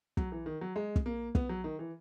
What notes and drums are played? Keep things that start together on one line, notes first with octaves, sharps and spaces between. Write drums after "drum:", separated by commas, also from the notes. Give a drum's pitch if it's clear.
F#3, drum: kick
E3
D#3
F#3
G#3
drum: kick
A#3
B3, drum: kick
F#3
D#3
E3